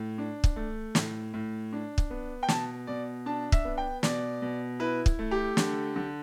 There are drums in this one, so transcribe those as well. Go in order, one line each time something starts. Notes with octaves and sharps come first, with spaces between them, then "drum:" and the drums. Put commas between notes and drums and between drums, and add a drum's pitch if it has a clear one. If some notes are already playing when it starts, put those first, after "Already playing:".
Already playing: A2
D4
drum: kick
A3
A2, drum: snare
A2
D4
drum: kick
B3
G5
B2 A5, drum: snare
B2 D5
D4 A5
E5, drum: kick
B3
G5
B2 D5, drum: snare
B2
E4 B4
drum: kick
A3
G4
D3, drum: snare
D3